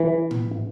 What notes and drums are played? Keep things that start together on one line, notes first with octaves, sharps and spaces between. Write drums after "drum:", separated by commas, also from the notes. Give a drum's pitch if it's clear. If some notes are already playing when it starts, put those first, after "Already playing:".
Already playing: E3
drum: tom A2